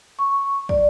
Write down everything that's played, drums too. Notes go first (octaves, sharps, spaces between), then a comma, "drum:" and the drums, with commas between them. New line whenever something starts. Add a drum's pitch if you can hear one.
C#6
D5, drum: kick